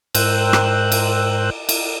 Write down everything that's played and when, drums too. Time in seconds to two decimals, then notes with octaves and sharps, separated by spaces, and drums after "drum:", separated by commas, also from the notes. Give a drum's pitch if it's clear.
0.15 G#2 A#4 C5 G5 E6 F#6, drum: cymbal
0.53 drum: rim click
0.92 drum: cymbal
1.69 drum: cymbal